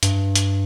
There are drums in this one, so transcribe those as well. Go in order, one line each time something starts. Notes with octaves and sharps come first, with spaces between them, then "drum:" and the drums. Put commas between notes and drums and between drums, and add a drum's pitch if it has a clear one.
G2, drum: hi-hat
drum: hi-hat